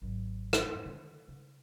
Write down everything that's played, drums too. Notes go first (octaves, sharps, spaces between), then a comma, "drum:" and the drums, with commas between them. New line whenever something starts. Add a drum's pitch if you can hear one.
G#1 F#3
drum: rim click
F2 G#2
D3 D#3
C#3